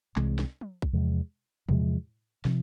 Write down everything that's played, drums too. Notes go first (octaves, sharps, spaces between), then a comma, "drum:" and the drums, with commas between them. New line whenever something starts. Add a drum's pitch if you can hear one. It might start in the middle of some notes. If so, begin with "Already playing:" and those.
C2 C3 E3 G#3, drum: clap
drum: snare
drum: tom
drum: kick B1
E2 C3 F3 G#3
E2 C3 F3 G#3, drum: tom
C3 F3, drum: snare